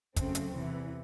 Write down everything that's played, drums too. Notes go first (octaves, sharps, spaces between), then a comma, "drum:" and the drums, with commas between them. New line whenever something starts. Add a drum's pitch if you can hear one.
C#3 F#3 A3 C4, drum: kick, hi-hat
drum: hi-hat
E2 C3 E3